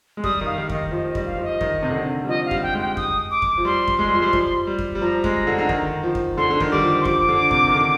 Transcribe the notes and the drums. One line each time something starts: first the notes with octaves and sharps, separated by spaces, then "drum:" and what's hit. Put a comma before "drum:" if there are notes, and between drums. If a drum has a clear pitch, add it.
G#3
G3 D#6, drum: kick F2
D#3
F5
D#3
D#5, drum: kick F2
D#3
F3 D#5
D#5
G3, drum: kick F2
F5
F3 D#5
D#3, drum: kick F2
C3
D3
C3
G3
F3 D#5
F5
G3, drum: kick F2
G5
G#3
G5
D#6, drum: kick F2
D6
drum: kick F2
F3
G3 C6
drum: kick F2
G#3
G3
F3
G3
F3, drum: kick F2
G3
drum: kick F2
G3
F3 A#5
G#3, drum: kick F2
D3
D3
D#3, drum: kick F2
F3
drum: kick F2
D3 C6
D3
D#3, drum: kick F2
G3 D6
F3
C6
F3 D6, drum: kick F2
D3
C3, drum: kick F2
D#3
D3